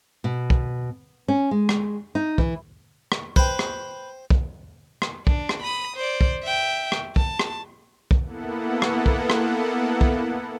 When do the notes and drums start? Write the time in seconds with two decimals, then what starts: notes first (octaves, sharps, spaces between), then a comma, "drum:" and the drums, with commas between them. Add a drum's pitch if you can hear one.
0.24 B2
0.50 drum: kick
1.28 C#4
1.51 G#3
1.69 drum: rim click
2.15 D#4
2.38 E3, drum: kick
3.12 drum: rim click
3.36 B4 C5 G5, drum: kick
3.59 drum: rim click
4.30 drum: kick
5.02 drum: rim click
5.27 D4, drum: kick
5.49 drum: rim click
5.62 B5 D#6
5.97 C5 D5
6.21 drum: kick
6.43 E5 G5
6.92 drum: rim click
7.16 A5, drum: kick
7.39 drum: rim click
8.11 drum: kick
8.24 A#3 B3 E4 A4 F#5
8.82 drum: rim click
9.06 drum: kick
9.30 drum: rim click
10.01 drum: kick